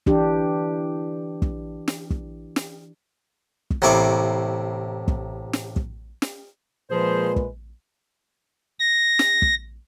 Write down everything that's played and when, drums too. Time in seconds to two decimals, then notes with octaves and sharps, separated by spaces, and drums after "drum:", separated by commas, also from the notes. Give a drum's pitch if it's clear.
0.06 E3 D4 G4, drum: kick
1.42 drum: kick
1.88 drum: snare
2.10 drum: kick
2.56 drum: snare
3.70 drum: kick
3.82 A1 C3 A#3 E4 C#6 D6
5.08 drum: kick
5.53 drum: snare
5.76 drum: kick
6.22 drum: snare
6.91 A#2 F3 G#3 G#4 B4 C5
7.36 drum: kick
8.79 A#6
9.19 drum: snare
9.42 drum: kick